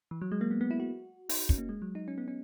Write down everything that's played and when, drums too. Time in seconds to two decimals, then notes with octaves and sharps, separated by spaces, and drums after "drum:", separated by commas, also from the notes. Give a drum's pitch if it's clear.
0.11 E3
0.22 F#3
0.32 G#3
0.41 A#3
0.51 B3
0.61 B3
0.71 E4
0.80 F#4
1.29 D#4, drum: open hi-hat
1.49 C#4, drum: kick
1.58 A#3
1.69 G#3
1.82 F#3
1.95 D#4
2.08 C#4
2.18 B3
2.28 C#4